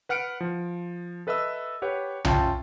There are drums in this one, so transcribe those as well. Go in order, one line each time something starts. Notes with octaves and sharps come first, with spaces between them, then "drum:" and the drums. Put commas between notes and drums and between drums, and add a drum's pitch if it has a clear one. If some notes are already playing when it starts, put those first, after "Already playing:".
B4 F#5 F6 C#7 D7
F3
A4 B4 D#5 E5 E6
G4 B4 C#5 F#5
C#4 F4 E5 G5 A5, drum: tom B1